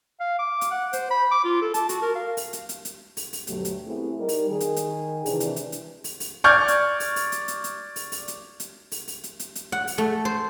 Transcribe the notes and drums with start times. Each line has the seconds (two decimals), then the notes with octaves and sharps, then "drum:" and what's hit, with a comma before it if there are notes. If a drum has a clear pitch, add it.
0.20 F5
0.39 D6
0.61 drum: hi-hat
0.71 F#5
0.93 C5, drum: hi-hat
1.11 B5
1.31 D6
1.45 F4
1.62 A4
1.74 A5, drum: hi-hat
1.89 F#4, drum: hi-hat
2.02 A#4
2.15 F5
2.37 drum: open hi-hat
2.53 drum: hi-hat
2.69 drum: hi-hat
2.85 drum: hi-hat
3.17 drum: open hi-hat
3.33 drum: open hi-hat
3.47 D2 G2 B2 F#3 A3 G4, drum: hi-hat
3.65 drum: hi-hat
3.86 A3 B3 C4 E4 G4 G#4
4.18 G3 D#4 A#4
4.29 drum: open hi-hat
4.50 D#3 G#4
4.60 drum: hi-hat
4.76 drum: hi-hat
5.26 C3 E3 D4, drum: open hi-hat
5.40 drum: hi-hat
5.56 drum: hi-hat
5.72 drum: hi-hat
6.04 drum: open hi-hat
6.20 drum: open hi-hat
6.44 D5 C#6 F6 G6 G#6
6.68 drum: hi-hat
7.00 drum: open hi-hat
7.16 drum: open hi-hat
7.32 drum: hi-hat
7.48 drum: hi-hat
7.64 drum: hi-hat
7.96 drum: open hi-hat
8.12 drum: open hi-hat
8.28 drum: hi-hat
8.60 drum: hi-hat
8.92 drum: open hi-hat
9.08 drum: open hi-hat
9.24 drum: hi-hat
9.39 drum: hi-hat
9.55 drum: hi-hat
9.72 F#5
9.87 drum: open hi-hat
9.98 A3
10.25 C5